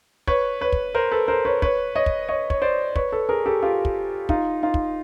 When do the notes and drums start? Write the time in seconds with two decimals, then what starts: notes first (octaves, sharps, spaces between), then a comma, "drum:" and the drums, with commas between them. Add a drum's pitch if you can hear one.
0.27 B4 C#5, drum: kick
0.61 B4 C#5
0.72 drum: kick
0.95 A#4 C5
1.11 A4 B4
1.28 A#4 C5
1.45 B4 C#5
1.62 B4 C#5, drum: kick
1.95 C#5 D#5
2.06 drum: kick
2.29 C#5 D#5
2.50 C#5, drum: kick
2.62 C5 D5
2.96 B4 C#5, drum: kick
3.12 A4 B4
3.29 G#4 A#4
3.46 G4 A4
3.62 F4 G4
3.85 drum: kick
4.29 D#4 F4, drum: kick
4.63 D#4 F4
4.74 drum: kick